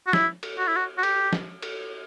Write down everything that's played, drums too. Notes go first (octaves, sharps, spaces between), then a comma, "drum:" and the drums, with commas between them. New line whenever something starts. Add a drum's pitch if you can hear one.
F#4
E4, drum: snare
drum: cymbal
F#4
E4
F#4
F#4
G4, drum: cymbal
drum: snare
drum: cymbal